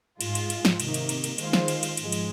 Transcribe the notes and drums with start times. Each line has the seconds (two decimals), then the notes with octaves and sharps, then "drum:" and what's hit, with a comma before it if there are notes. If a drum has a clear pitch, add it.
0.21 G#2 G#3 F4, drum: cymbal
0.35 drum: cymbal
0.50 drum: cymbal
0.65 drum: snare
0.80 C3 D#3 A#3 D#4, drum: cymbal
0.94 drum: cymbal
1.09 drum: cymbal
1.24 drum: cymbal
1.38 D#3 G#3 F4 C5 F5, drum: cymbal
1.53 drum: snare
1.68 drum: cymbal
1.83 drum: cymbal
1.97 G#2 F3 G#3, drum: cymbal
2.12 drum: cymbal